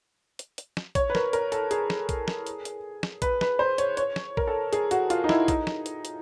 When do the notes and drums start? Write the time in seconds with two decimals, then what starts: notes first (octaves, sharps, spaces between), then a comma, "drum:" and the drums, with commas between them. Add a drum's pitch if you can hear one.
0.39 drum: hi-hat
0.58 drum: hi-hat
0.77 drum: snare
0.95 C#5, drum: kick A#1, hi-hat
1.10 B4
1.15 A#4, drum: snare
1.33 A#4, drum: hi-hat
1.52 A4, drum: hi-hat
1.71 G#4, drum: hi-hat
1.90 drum: snare
2.09 drum: kick A#1, hi-hat
2.28 drum: snare
2.47 drum: hi-hat
2.65 drum: hi-hat
3.03 drum: snare
3.22 B4, drum: kick A#1, hi-hat
3.41 B4, drum: snare
3.59 C5
3.78 C#5, drum: hi-hat
3.97 C#5, drum: hi-hat
4.16 drum: snare
4.37 A#4, drum: kick A#1
4.47 A4
4.73 G#4, drum: hi-hat
4.91 F#4, drum: hi-hat
5.10 F4, drum: hi-hat
5.24 D#4
5.29 E4, drum: snare
5.48 D#4, drum: kick A#1, hi-hat
5.67 drum: snare
5.86 drum: hi-hat
6.05 drum: hi-hat